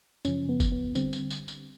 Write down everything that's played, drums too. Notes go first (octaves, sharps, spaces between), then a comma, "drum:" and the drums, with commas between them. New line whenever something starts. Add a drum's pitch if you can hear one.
F#2 C#3 F3 C#4, drum: tambourine
B3
drum: kick F#1, tambourine
B3
D3 G3 C4, drum: tambourine
drum: tambourine
drum: tambourine
drum: tambourine